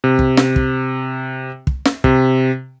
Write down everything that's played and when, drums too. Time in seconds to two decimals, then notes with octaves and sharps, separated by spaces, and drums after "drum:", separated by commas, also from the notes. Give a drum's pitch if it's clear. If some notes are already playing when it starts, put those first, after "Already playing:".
0.04 C3
0.19 drum: kick
0.37 drum: snare
0.56 drum: kick
1.67 drum: kick
1.85 drum: snare
2.04 C3, drum: kick